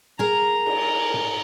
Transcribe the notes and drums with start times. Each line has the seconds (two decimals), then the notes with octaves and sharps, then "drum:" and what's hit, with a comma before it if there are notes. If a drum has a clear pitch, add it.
0.19 G#4 A#4 A#5
0.66 drum: cymbal
1.14 drum: tom G#2